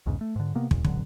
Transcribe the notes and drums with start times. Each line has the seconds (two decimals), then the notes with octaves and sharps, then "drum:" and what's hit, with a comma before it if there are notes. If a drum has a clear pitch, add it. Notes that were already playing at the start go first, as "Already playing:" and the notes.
0.06 B1 E2 G#2 C#3
0.21 A3
0.36 G#2 D3
0.55 C3 A#3 B3
0.71 D#2 A#2, drum: kick
0.85 E1 A1 D3 F#3, drum: kick